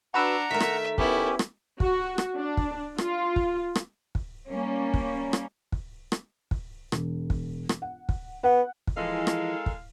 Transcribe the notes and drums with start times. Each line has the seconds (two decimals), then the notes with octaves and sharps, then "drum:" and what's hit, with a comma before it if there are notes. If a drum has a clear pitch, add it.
0.14 D4 F#4 B4 F#5 A#5 E6
0.51 D#3 A3 A#4 E5 B6
0.60 drum: rim click
0.98 B3 C#4 E4 G4, drum: kick
1.39 drum: rim click
1.80 F#4, drum: kick
2.18 drum: rim click
2.38 D4
2.57 drum: kick
2.98 F4, drum: rim click
3.36 drum: kick
3.75 drum: rim click
4.15 drum: kick
4.50 G3 A#3 C#4
4.94 drum: kick
5.33 drum: rim click
5.72 drum: kick
6.12 drum: rim click
6.51 drum: kick
6.92 E1, drum: rim click
7.30 drum: kick
7.69 drum: rim click
7.82 F#5
8.09 drum: kick
8.44 B3 F#5
8.87 drum: kick
8.97 E3 F3 G#3 A4 A#4 D#5 F5
9.27 drum: rim click
9.66 drum: kick